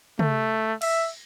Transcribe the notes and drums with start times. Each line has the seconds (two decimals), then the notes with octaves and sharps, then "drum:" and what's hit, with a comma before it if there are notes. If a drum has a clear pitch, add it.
0.19 A3, drum: tom
0.82 E5, drum: cymbal